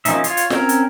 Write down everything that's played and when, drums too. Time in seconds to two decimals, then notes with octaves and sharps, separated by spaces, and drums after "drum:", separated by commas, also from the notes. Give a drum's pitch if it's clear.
0.05 F3 A#3 C#4 D#4 E5, drum: hi-hat
0.24 F4 C#5, drum: hi-hat
0.37 drum: hi-hat
0.50 C4 C#4 A#4, drum: snare
0.69 drum: hi-hat